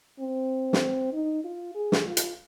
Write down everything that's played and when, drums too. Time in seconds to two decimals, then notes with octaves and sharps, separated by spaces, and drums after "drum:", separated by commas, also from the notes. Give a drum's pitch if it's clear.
0.20 C4
0.73 drum: snare
1.13 D#4
1.44 F4
1.75 G#4
1.92 drum: snare
2.06 F4
2.17 drum: hi-hat